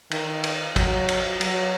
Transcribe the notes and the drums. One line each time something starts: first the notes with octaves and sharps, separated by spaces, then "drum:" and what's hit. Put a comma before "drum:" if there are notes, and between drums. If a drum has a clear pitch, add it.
D#3, drum: cymbal
drum: cymbal
F#3, drum: kick, cymbal
drum: cymbal
F#3, drum: cymbal